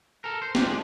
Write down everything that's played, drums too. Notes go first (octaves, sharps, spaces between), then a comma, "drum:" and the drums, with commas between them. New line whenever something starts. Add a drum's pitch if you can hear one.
A4 A#4
C5
D2 C3 G#3 D4 F4 G4, drum: snare
G#3 D4